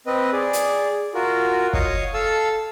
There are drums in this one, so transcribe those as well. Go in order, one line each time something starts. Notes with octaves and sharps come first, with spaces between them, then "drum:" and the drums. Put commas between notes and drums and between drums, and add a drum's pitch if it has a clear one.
C4 B4 D#5
G#4 D5
drum: hi-hat
F4 F#4 A#4
C#5 D#5 F5 C#6 D#6, drum: kick
A4 F5 A5 E6